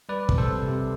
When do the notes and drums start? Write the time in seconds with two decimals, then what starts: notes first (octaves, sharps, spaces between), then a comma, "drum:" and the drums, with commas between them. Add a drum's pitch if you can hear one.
0.09 G3 B4 D5
0.29 C3, drum: kick
0.38 A4 C5
0.48 C3
0.68 C3